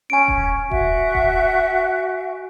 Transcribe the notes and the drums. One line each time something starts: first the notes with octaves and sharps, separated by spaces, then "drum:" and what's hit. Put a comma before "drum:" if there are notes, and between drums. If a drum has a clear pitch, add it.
C#4 G#5 D7
drum: kick D#1
F#4 E5 F#5, drum: kick D#1
drum: kick D#1